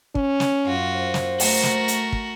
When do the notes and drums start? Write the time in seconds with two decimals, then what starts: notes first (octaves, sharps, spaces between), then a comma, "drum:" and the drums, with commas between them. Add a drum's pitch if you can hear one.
0.15 C#4, drum: kick
0.40 drum: snare
0.65 F#2 F4 F#4
0.96 C5
1.14 drum: snare
1.40 A3 F#4 A#4, drum: open hi-hat
1.63 drum: snare
1.88 drum: hi-hat
2.13 drum: kick